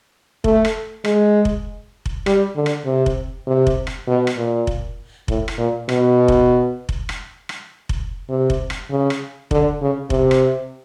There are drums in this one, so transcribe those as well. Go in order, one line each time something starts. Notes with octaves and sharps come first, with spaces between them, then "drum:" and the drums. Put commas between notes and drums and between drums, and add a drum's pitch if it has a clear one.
A3, drum: kick F1
drum: rim click
G#3, drum: rim click
drum: kick F1
drum: kick F1
G3, drum: rim click
D3
drum: rim click
C3
drum: kick F1
C3
drum: kick F1
drum: rim click
B2
drum: rim click
A#2
drum: kick F1
A2, drum: kick F1
drum: rim click
A#2
B2, drum: rim click
drum: kick F1
drum: kick F1
drum: rim click
drum: rim click
drum: kick F1
C3
drum: kick F1
drum: rim click
C#3
drum: rim click
D3, drum: kick F1
C#3
C3, drum: kick F1
drum: rim click